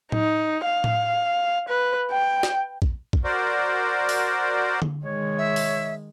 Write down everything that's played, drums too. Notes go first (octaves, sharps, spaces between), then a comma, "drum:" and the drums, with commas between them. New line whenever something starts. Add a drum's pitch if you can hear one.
D#4, drum: tom A2
F5
drum: tom A2
B4
G5
drum: snare
drum: kick A#1
drum: kick A#1
F#4 A#4 C5 D5
drum: open hi-hat
drum: tom D3
D#3 G#3 C#5
E5
drum: open hi-hat